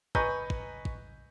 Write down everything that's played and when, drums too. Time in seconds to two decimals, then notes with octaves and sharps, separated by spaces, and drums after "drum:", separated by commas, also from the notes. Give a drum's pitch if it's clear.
0.15 B4 D#5 G#5 A#5 C#6 G6, drum: kick
0.50 drum: kick
0.85 drum: kick